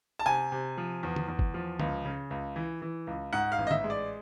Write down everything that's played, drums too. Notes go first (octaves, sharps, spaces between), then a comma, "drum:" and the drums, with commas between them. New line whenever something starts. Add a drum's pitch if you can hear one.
A5
C3 G#5
C3
F3
E2
drum: tom
E2
drum: kick
F3
C#2, drum: tom D3
C#3
C#2
E3
E3
C#2
G#2 F#5
F5
A1
D#5
E5, drum: tom
G#3
D5